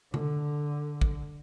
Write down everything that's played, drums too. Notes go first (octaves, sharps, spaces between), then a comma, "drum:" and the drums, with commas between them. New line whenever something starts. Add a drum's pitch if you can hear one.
D3, drum: tom C#3
drum: kick A1